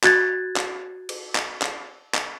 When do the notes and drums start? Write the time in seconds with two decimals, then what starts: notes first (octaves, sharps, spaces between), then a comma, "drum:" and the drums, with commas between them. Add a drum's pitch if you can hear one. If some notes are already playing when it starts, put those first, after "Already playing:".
0.04 F#4 F#6 G#6 A6, drum: clap
0.56 drum: clap
1.09 drum: cymbal
1.35 drum: clap
1.62 drum: clap
2.14 drum: clap